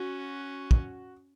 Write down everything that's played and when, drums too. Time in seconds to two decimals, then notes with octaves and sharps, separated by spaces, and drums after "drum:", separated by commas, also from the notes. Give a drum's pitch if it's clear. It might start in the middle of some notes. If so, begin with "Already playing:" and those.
Already playing: C#4 F#4
0.71 drum: kick